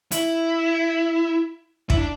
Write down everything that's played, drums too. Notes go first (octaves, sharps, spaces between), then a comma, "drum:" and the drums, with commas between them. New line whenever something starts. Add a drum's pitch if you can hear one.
E4, drum: hi-hat
E4, drum: kick
D4